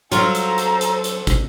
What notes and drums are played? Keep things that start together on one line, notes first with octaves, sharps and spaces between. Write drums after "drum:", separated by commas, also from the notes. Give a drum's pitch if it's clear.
F#3 F4 A4 C5 A#5, drum: hi-hat
drum: hi-hat
drum: hi-hat
drum: hi-hat
drum: hi-hat
drum: kick, hi-hat